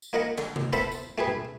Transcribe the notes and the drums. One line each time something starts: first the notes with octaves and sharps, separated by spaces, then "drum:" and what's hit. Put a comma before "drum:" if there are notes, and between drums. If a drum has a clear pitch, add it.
drum: tambourine
A#3 D#4 A#4 F#5 A#5
D3, drum: clap
drum: tom C3
B3 A4 C5 E5 F5 B5, drum: tambourine
drum: tambourine
A3 G4 G#4 B4
drum: tom B2